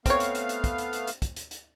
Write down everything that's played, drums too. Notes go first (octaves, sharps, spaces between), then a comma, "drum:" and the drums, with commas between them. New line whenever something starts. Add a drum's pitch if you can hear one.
A3 B3 C4 C#5 F5, drum: kick, hi-hat
drum: hi-hat
drum: hi-hat
drum: hi-hat
drum: kick, hi-hat
drum: hi-hat
drum: hi-hat
drum: hi-hat
drum: kick, hi-hat
drum: hi-hat
drum: hi-hat